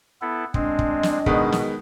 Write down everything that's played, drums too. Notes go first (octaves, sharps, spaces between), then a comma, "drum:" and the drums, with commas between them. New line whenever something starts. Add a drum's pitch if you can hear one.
B3 E4 A4
G#3 C4 D4 D#5, drum: kick
drum: kick
drum: snare
B2 D#3 G#3 B3, drum: kick
drum: snare